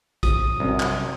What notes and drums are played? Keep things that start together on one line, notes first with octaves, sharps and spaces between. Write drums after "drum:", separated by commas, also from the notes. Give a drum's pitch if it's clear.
D#6, drum: kick A#1, hi-hat
C2 F#2
drum: clap